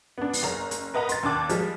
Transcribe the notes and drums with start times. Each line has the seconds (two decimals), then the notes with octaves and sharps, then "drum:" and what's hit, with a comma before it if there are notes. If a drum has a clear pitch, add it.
0.18 B3 D4
0.33 drum: open hi-hat
0.43 F#1 C#3 A#5
0.71 drum: hi-hat
0.94 A#4 B4 D#5 F#5 A#5 B5
1.09 C6 A6, drum: hi-hat
1.23 D#2 D4 A5 D6 F#6
1.49 F3 G3 G#3, drum: hi-hat